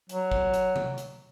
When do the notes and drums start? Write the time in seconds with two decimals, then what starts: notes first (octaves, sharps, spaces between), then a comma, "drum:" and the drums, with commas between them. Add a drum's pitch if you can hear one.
0.09 F#3, drum: hi-hat
0.31 drum: kick
0.54 drum: hi-hat
0.76 drum: tom C3
0.98 drum: hi-hat